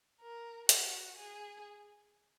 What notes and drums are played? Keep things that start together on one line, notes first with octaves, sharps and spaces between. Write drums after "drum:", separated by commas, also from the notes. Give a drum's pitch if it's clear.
A#4
F#4, drum: hi-hat
G#4